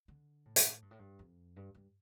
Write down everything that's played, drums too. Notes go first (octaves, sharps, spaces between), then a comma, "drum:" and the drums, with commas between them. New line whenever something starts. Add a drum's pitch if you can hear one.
D3
A2
drum: hi-hat
G2
A2
G2
F2
G2
G2